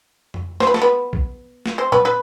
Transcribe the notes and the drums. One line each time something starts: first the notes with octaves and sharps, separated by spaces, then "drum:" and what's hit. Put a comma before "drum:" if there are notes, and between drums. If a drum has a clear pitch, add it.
drum: tom F2
C5, drum: snare
B4
A4, drum: snare
B3 B4
drum: kick A#1
drum: snare
C4 C5
B3 B4, drum: tom A#2
B3 B4